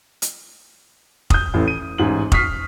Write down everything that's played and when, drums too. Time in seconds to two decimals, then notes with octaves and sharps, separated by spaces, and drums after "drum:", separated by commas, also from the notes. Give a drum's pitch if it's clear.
0.22 drum: hi-hat
1.30 D#6 G6, drum: kick F1
1.53 A1 A2
1.68 D#7
1.98 A1 G#2 F#7
2.32 C#6 D#6 F6 B6 C7, drum: kick F1